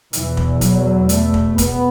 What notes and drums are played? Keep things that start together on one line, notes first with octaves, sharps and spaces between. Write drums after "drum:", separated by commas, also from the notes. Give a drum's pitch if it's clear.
E2 B2 E3, drum: hi-hat
drum: kick
F#3, drum: kick, hi-hat
A3, drum: hi-hat
drum: kick
B3, drum: kick, hi-hat